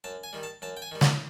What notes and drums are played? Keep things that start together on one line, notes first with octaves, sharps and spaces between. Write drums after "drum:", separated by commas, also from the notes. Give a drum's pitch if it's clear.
F#2 A5
G#5
D#3 G3
A5
F#2 A5
G5
G#5
D#3 G3
F#5, drum: snare